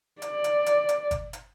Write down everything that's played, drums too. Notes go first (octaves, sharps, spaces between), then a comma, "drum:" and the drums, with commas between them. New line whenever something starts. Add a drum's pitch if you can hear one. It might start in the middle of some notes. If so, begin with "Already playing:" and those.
D5, drum: hi-hat
drum: hi-hat
drum: hi-hat
drum: hi-hat
drum: kick G1, hi-hat
drum: hi-hat